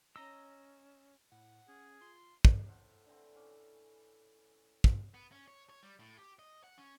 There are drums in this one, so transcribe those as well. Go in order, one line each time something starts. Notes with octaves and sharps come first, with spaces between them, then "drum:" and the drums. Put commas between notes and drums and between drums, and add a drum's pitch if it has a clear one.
C#4 D#5 A#5 E6
A2 F#5
C#4 G#4
F4 C6
drum: kick
A2 A4 C5 F#5
D3 E3 C4
A2 C#4 D6
drum: kick
B3
C#4
C#5
C#5
G3
A2
G4
D#5
F#5
C#4